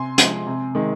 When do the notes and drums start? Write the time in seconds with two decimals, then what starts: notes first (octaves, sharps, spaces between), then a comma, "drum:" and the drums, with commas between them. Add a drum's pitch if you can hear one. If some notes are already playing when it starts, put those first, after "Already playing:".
Already playing: C3 G#5 C6
0.18 F3 G#3, drum: hi-hat
0.46 C3
0.75 D#3 G#3